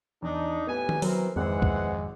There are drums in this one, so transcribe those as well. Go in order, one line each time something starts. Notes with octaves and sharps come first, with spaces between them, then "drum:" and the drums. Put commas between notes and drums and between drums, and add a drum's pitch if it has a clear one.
E2 D4 D#4
A2 G3 B3 G#5
drum: tom D#3
E3 F#3 C4 A#4, drum: open hi-hat
G#1 F2 E3 G#3 C4 F#5
drum: kick